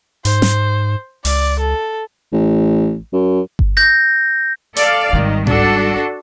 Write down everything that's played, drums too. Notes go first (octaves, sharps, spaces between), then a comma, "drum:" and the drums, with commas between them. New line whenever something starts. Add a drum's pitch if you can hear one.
G#2 C5, drum: hi-hat
drum: snare
C#2 D5, drum: open hi-hat
A4
A1
F#2
drum: kick G1
G6 A#6
A4 D5 F5, drum: hi-hat
G#1 D#3 G3
D4 F#4 A4, drum: tom G#2